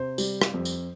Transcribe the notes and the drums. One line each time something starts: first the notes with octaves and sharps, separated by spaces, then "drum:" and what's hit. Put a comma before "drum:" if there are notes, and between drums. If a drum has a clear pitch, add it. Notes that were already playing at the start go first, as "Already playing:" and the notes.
Already playing: C3 C5
G3, drum: tambourine
drum: rim click
F2
drum: tambourine